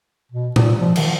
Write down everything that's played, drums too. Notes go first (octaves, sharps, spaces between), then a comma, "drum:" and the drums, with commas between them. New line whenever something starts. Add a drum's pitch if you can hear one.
B2
A#2, drum: tom
F3
D#3, drum: cymbal